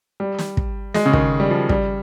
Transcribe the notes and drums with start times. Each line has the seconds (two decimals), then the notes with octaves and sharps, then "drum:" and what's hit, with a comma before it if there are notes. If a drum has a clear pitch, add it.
0.20 G3
0.39 drum: snare
0.57 drum: kick
0.94 G#3, drum: snare
1.06 C#3
1.13 D#3, drum: kick
1.40 G3
1.51 F3
1.69 G3, drum: kick